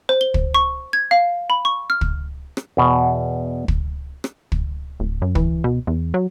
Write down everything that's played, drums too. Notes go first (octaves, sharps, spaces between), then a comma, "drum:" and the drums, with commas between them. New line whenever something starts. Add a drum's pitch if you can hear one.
C5
G7
drum: kick
C#6
G#6
F5
B5
C#6
F6
drum: kick
drum: rim click
E2 B2
drum: kick
drum: rim click
drum: kick
D1
F#2
E3, drum: kick
B2
E2
F#3